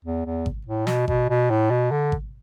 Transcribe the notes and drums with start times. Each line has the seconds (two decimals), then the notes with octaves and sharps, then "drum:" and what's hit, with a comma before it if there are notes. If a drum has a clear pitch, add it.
0.05 E2
0.26 E2
0.46 drum: kick G#1
0.67 A2
0.87 B2, drum: snare
1.08 B2, drum: kick G#1
1.30 B2
1.50 A2
1.71 B2
1.91 D3
2.12 drum: kick G#1